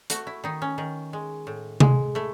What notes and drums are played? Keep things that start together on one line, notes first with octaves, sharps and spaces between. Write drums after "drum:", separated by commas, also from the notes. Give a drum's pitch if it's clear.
A3 F#4, drum: hi-hat
E4
D#3 D#4
C#4
D#3
G#3
A2
G#3, drum: tom C3
A3 E4